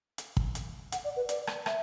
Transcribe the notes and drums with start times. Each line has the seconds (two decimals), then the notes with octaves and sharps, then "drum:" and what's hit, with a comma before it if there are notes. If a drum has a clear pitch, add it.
0.18 drum: hi-hat
0.37 drum: kick
0.55 drum: hi-hat
0.92 F#5, drum: hi-hat
1.04 D5
1.16 B4
1.29 D5, drum: hi-hat
1.47 drum: rim click
1.66 E5, drum: rim click